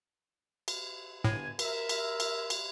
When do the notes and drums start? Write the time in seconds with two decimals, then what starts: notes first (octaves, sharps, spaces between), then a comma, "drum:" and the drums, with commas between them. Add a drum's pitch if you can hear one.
0.68 drum: cymbal
1.24 G1 A2 G#5
1.59 A#4 E5, drum: cymbal
1.89 drum: cymbal
2.20 drum: cymbal
2.50 drum: cymbal